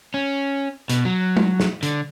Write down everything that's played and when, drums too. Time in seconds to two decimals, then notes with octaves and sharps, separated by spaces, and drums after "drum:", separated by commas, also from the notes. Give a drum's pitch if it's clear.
0.14 C#4
0.90 B2, drum: hi-hat
1.05 F#3
1.37 drum: tom G#3
1.60 drum: snare
1.83 D3, drum: hi-hat